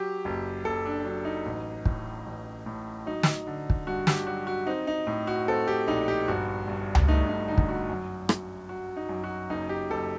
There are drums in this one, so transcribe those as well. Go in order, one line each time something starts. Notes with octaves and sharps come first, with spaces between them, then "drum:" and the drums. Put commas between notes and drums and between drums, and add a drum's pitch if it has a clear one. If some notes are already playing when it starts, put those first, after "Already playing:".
Already playing: F#3 G4
F#1
F#1 A4
D4
F#3 D4
D#4
A1
A2, drum: kick
A1
A2
F#3 D#4
drum: snare
D3
drum: kick
G2 F#4
G4, drum: snare
F#3 F#4
F#4
C4 D#4
D#4
A2
F#4
C4 A4
G4
A#1 D#4
G4
G1 F#4
G2
drum: tom C#2
A3 D#4
D#4
D3 D#4
drum: kick
F#4
F#2
F#2, drum: rim click
F#3 F#4
D#4
F#2
F#4
F#1 D#4
G4
F#1 A4